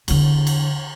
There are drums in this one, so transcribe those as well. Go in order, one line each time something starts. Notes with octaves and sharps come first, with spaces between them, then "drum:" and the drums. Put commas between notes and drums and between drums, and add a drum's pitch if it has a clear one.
E2 D3, drum: cymbal
drum: cymbal